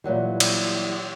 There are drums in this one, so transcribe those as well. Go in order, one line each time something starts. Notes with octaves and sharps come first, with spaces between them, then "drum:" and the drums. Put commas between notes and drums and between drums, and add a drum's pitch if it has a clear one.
A#2 E3 F#3 G3
drum: cymbal